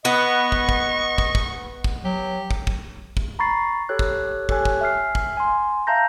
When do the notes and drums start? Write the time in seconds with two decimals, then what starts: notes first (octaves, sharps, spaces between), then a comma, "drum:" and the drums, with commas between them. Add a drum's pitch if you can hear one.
0.05 B3 D#5 C#6
0.52 drum: kick
0.69 drum: kick
1.18 drum: kick
1.35 drum: kick
1.84 drum: kick
2.05 F#3 G4
2.51 drum: kick
2.67 drum: kick
3.17 drum: kick
3.39 A#5 B5 C#6 A6 C7
3.89 G4 A4 C#5 F#6
3.99 drum: kick
4.49 G4 A4 C#5 G#5 F#6, drum: kick
4.65 drum: kick
4.81 E5 G#5 F6 C7
5.15 drum: kick
5.37 G#5 C6
5.87 E5 F5 A5 A#5 G6 A#6